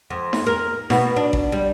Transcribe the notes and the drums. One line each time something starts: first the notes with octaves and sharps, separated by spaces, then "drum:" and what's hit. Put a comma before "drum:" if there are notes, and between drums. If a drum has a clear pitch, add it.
F2
drum: snare D#4
A#4
B2, drum: snare D#4
D4
drum: kick A1
G3